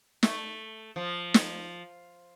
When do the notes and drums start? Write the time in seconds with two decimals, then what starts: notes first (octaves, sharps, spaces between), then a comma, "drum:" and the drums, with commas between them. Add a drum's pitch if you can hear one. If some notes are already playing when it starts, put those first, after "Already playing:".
0.23 A3, drum: snare
0.96 F3
1.34 drum: snare